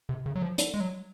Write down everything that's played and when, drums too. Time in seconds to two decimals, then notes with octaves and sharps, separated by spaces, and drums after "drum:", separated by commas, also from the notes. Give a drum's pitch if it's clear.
0.09 C3
0.26 C#3
0.35 F#3
0.42 F3
0.58 drum: hi-hat
0.74 G#3
0.80 F#3